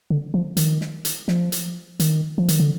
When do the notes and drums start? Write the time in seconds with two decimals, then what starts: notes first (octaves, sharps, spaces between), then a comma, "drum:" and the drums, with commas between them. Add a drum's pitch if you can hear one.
0.10 D3
0.34 F3
0.57 D#3, drum: hi-hat
0.81 drum: snare
1.05 drum: hi-hat
1.28 F3, drum: snare
1.52 drum: hi-hat
2.00 D#3, drum: hi-hat
2.38 F3
2.48 D#3, drum: hi-hat
2.60 D3